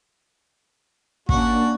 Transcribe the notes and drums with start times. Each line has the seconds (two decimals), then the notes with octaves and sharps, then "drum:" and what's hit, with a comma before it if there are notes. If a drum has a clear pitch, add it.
1.29 A#3 C#4 D4 F#4, drum: kick